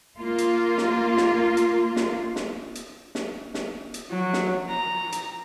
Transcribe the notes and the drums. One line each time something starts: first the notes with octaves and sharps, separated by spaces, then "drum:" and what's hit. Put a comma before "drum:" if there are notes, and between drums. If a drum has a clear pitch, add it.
A#3 F4
drum: hi-hat
drum: snare
drum: snare
drum: hi-hat
drum: snare
drum: snare
drum: hi-hat
drum: snare
drum: snare
drum: hi-hat
F#3
drum: snare
A#5
drum: hi-hat